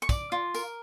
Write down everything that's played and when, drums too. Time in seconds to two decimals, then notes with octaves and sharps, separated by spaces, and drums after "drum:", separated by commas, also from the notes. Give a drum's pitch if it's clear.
0.02 C#6
0.09 D5 D6, drum: kick, tambourine
0.32 F4
0.54 A#4, drum: tambourine